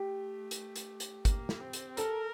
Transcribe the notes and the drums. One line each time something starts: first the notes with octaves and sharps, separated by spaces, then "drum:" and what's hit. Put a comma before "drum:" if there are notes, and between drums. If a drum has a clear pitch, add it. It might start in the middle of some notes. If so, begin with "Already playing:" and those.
Already playing: A3 G4
drum: hi-hat
drum: hi-hat
drum: hi-hat
A#3, drum: kick, hi-hat
drum: snare
C4
drum: hi-hat
A4 A#4, drum: hi-hat